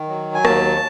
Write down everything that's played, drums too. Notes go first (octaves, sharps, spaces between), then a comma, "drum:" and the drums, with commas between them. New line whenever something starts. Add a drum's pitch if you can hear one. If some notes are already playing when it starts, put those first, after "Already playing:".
Already playing: D#3
F#3
G#5
D#2 A5, drum: rim click